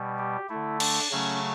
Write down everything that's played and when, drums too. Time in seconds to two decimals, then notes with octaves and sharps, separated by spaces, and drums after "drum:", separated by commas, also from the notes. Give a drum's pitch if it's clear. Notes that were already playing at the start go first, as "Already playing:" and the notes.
Already playing: B2 G3
0.18 G4
0.49 D3 A3 E4
0.80 D4, drum: cymbal
1.11 C#3 F#3 A3 C#4